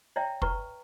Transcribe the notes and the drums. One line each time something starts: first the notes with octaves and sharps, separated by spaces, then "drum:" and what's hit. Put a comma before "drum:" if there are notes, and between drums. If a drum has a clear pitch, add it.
C#5 D5 E5 G5 A#5
B4 A#5 C#6, drum: kick